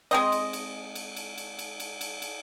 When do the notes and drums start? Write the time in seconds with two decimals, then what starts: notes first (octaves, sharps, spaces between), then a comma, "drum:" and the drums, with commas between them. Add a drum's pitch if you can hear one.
0.11 G#3 C4 D#5, drum: cymbal
0.32 drum: cymbal
0.53 drum: cymbal
0.95 drum: cymbal
1.16 drum: cymbal
1.38 drum: cymbal
1.59 drum: cymbal
1.80 drum: cymbal
2.01 drum: cymbal
2.22 drum: cymbal